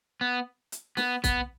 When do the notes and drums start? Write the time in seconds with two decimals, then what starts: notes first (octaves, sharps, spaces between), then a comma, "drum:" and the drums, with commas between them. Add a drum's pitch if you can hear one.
0.21 B3
0.72 drum: hi-hat
0.97 B3, drum: snare
1.24 B3, drum: kick, hi-hat